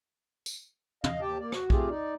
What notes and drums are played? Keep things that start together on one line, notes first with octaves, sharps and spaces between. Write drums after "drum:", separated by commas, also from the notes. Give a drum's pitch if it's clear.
drum: tambourine
D#5 F5, drum: tom
D#2 G4 G5 A5
A#3 D5
F#4, drum: rim click
A3 C4 F4 G4 G#4, drum: kick
D#4 D5